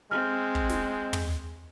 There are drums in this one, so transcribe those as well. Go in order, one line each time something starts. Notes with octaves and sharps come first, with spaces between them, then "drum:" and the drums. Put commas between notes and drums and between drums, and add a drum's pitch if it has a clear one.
G#3 C4 F6
drum: kick
drum: snare
drum: tom